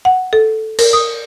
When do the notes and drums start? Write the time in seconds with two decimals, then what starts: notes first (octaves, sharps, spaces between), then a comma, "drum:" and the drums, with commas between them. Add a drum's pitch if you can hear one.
0.05 F#5
0.33 A4
0.79 A#4, drum: cymbal
0.93 D#6